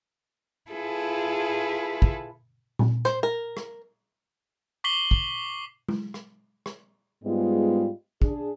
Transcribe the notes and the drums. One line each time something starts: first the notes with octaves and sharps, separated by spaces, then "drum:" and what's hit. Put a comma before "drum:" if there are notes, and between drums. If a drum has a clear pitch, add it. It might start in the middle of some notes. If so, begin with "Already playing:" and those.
E4 F4 G#4 A4 B4
drum: kick
drum: tom A#2
C5, drum: rim click
A#4
drum: rim click
C#6 D6 B6 C7 F#7 G7
drum: kick
drum: tom G#3
drum: rim click
drum: rim click
G#2 G3 G#3 B3 F4
D4 G#4, drum: kick